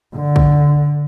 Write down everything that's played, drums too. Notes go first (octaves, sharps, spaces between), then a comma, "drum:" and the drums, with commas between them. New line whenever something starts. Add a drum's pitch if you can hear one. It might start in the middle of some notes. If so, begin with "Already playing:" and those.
D3
drum: kick